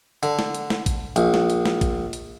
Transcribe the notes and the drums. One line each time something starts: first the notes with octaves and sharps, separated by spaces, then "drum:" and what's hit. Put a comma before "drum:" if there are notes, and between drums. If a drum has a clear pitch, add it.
D3, drum: hi-hat
drum: snare
drum: hi-hat
drum: snare
drum: kick A1, hi-hat
A#1, drum: hi-hat
drum: snare
drum: hi-hat
drum: snare
drum: kick A1, hi-hat
drum: hi-hat